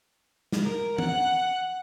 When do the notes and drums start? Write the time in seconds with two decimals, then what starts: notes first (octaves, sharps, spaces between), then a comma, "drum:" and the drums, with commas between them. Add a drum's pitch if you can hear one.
0.52 drum: snare
0.64 A#4
0.98 F#5, drum: tom